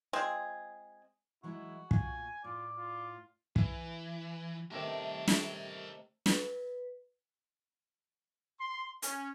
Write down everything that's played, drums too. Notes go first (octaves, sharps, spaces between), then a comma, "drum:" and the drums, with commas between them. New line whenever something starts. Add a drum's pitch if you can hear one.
G#3 C4 F4 G#4
E3 F#3 G#3 E4 F#4
A#2 G#5, drum: kick
A2 F4 D5
F4
E3, drum: kick
C3 D#3 A3 A#4 E5
drum: snare
B4, drum: snare
C6
C#4, drum: hi-hat